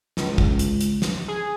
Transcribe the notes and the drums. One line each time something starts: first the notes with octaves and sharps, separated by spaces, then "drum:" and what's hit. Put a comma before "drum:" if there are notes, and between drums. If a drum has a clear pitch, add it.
C#2, drum: snare
drum: kick
drum: hi-hat
drum: hi-hat
drum: snare
G#4